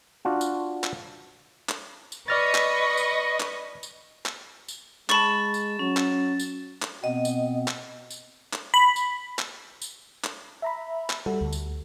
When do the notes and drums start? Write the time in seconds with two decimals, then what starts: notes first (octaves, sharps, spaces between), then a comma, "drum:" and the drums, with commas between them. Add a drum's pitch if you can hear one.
0.25 D4 F4 F#4
0.41 drum: tambourine
0.84 drum: clap
1.69 drum: clap
2.12 drum: tambourine
2.28 B4 D5 D#5 C#6 F6 A6 A#6
2.55 drum: clap
2.97 drum: tambourine
3.40 drum: clap
3.83 drum: tambourine
4.26 drum: clap
4.68 drum: tambourine
5.10 G#3 A5 B5 C#6 A6 E7, drum: clap
5.54 drum: tambourine
5.79 F#3 C#4
5.97 drum: clap
6.39 drum: tambourine
6.82 drum: clap
7.04 B2 B3 C4 D#5
7.25 drum: tambourine
7.68 drum: clap
8.11 drum: tambourine
8.53 drum: clap
8.74 B5
8.96 drum: tambourine
9.39 drum: clap
9.82 drum: tambourine
10.24 drum: clap
10.62 E5 A#5 B5
11.10 drum: clap
11.26 G3 F#4 A4
11.41 D2
11.53 drum: tambourine